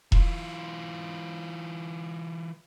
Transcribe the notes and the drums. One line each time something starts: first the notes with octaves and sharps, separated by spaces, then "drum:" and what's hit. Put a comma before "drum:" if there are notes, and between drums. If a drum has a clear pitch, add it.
E3 F4, drum: kick E1